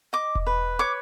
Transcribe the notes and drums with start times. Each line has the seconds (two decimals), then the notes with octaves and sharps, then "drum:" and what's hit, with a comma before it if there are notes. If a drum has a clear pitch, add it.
0.13 D#5 D6
0.35 drum: kick E1
0.47 B4
0.79 C#5 D6